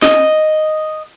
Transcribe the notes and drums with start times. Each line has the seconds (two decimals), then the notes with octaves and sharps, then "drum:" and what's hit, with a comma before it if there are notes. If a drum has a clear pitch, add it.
0.02 D#5, drum: snare